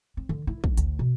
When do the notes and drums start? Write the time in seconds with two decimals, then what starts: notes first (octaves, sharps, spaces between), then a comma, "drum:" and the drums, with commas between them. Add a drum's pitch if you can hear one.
0.17 C4
0.29 D3
0.47 E4
0.64 A#3, drum: kick
0.77 D2, drum: hi-hat
0.99 B2